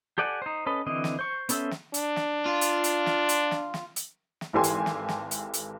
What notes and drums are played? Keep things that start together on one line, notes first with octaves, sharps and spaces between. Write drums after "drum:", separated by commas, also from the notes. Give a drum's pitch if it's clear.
G4 A4 D5 F#5 G#5
D#4 C5
C#4 A4 B4 D#5
D3 E3 C4 D#5
drum: snare
C5 C#6
B3 C#4 A4 C5 E5, drum: hi-hat
drum: snare
D4, drum: hi-hat
drum: snare
F4
drum: hi-hat
drum: hi-hat
drum: snare
drum: hi-hat
drum: snare
drum: snare
drum: hi-hat
drum: snare
G#1 E3 G4 A4 G#5 C6
drum: hi-hat
drum: snare
drum: snare
drum: hi-hat
drum: hi-hat